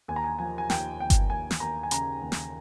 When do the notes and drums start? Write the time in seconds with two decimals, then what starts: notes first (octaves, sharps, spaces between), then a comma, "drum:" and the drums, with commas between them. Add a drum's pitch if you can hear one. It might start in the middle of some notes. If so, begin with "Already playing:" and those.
0.08 D#2 G#5
0.16 A#5
0.24 G#5
0.39 F3 G#5
0.58 G#5
0.70 D#2 G5, drum: snare
0.99 D#2 G5
1.10 drum: kick G1, hi-hat
1.30 D#2 G#5
1.51 drum: snare
1.60 D#2 A#5
1.83 G#5
1.91 C#3 A#5, drum: hi-hat
2.21 D#2
2.32 drum: snare